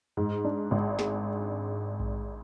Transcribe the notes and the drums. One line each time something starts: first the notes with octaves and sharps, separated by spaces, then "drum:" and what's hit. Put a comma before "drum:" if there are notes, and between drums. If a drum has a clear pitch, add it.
G#2
D4
G#1
G#3, drum: snare
drum: kick A#1